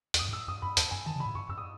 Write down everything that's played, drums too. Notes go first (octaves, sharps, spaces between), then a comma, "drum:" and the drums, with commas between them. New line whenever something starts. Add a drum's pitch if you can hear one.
E2, drum: hi-hat
F#2 D#6
G#2
E6
F#2 D#6
F#2 B5
E2 A5, drum: hi-hat
F#2 G#5
D#3 A5
C#3
B5
A2
F#2 C#6
F#2 E6
D#6